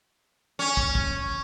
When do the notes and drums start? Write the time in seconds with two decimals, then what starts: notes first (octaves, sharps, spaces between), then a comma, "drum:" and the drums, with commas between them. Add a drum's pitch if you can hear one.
0.59 C#4
0.77 drum: kick
0.95 drum: kick